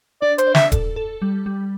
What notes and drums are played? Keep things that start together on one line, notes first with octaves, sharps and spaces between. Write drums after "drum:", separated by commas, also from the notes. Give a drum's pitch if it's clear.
D4 D5
C5, drum: hi-hat
D5
E5, drum: snare
A4, drum: kick D#1, hi-hat
A4
G3
G3